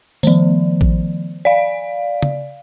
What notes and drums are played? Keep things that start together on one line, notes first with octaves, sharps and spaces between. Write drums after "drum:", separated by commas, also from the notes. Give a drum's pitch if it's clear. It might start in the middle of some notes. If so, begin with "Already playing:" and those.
D#3 F3, drum: tambourine
drum: kick A1
D5 F5
drum: tom